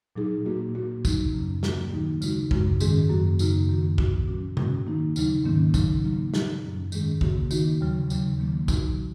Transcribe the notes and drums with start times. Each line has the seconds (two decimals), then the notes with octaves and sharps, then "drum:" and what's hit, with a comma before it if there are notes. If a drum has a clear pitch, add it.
0.16 A#2 F#3 D#4 G#4
0.46 A#2 A#3 F#4
0.75 A#2 A#3 F#4
1.05 D#2 C#3 F#3 D#4, drum: kick, tambourine
1.34 F#2 C#3 F#3 C#4
1.63 A#2 A#3 F#4, drum: snare
1.92 D#2 D#3 F#3 A#3 D#4
2.22 C#3 G#3 D#4 F#4, drum: tambourine
2.51 F#2 C#3 G#3 F#4, drum: kick
2.80 G#2 D#3 G#3 C#4 G#4, drum: tambourine
3.09 F#2 F#3 A#3 F#4
3.39 F#2 C#3 A#3 D#4 F#4, drum: tambourine
3.69 F#2 D#3 A#3 F#4
3.98 A#2 A#3 F#4, drum: kick
4.28 A#2 F#3 C#4 F#4
4.57 G#2 G#3 C#4 F#4, drum: tom
4.86 D#3 A#3 D#4
5.16 D#2 C#3 F#3 D#4, drum: tambourine
5.44 G#2 D#3 A#3 C#4
5.74 C#3 F#3 D#4, drum: kick, tambourine
6.04 C#3 F#3 A#3 D#4
6.34 A#2 G#3 D#4, drum: snare
6.63 F#2 F#3 C#4
6.92 G#2 D#3 G#3 C#4 G#4, drum: tambourine
7.21 C#3 A#3 F#4, drum: kick
7.51 D#3 A#3 D#4 F#4, drum: tambourine
7.81 D#2 C#3 F#3
8.10 D#2 C#3 F#3, drum: tambourine
8.39 D#3 F#3 A#3
8.68 A#2 F#3 D#4 F#4, drum: kick, tambourine